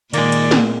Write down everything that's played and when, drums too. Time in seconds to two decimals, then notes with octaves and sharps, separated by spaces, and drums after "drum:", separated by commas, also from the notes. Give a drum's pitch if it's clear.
0.13 A#2 D#3 G#3 A#3 D5, drum: cymbal
0.32 drum: cymbal
0.51 drum: snare